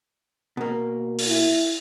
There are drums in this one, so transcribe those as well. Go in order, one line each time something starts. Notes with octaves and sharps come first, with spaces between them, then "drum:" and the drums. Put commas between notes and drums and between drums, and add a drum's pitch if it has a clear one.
B2 A#3
drum: open hi-hat
E4